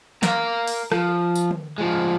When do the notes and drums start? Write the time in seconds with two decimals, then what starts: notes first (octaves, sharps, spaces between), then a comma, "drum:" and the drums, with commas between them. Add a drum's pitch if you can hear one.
0.23 A#4 F5, drum: snare
0.68 drum: open hi-hat
0.92 F3, drum: rim click
1.35 drum: tambourine
1.51 drum: tom D3
1.78 F3 G#3